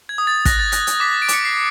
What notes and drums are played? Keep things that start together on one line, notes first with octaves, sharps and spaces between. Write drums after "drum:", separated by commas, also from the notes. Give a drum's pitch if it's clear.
G#6
D#6
A6
F#6 A#6, drum: kick, hi-hat
A6
F#6 A#6, drum: hi-hat
drum: hi-hat
D6 B6
D7
D6 C#7, drum: hi-hat
C7